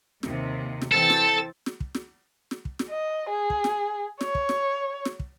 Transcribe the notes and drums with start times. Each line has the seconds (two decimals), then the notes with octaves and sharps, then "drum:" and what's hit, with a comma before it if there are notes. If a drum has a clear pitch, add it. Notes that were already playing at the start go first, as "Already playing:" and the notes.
0.23 D#2 C3, drum: snare
0.82 drum: snare
0.92 E3 C4 A4 A6
1.10 drum: snare
1.66 drum: snare
1.80 drum: kick
1.95 drum: snare
2.51 drum: snare
2.65 drum: kick
2.79 drum: snare
2.89 D#5
3.29 G#4
3.50 drum: kick
3.64 drum: snare
4.21 C#5, drum: snare
4.35 drum: kick
4.49 drum: snare
5.05 drum: snare
5.20 drum: kick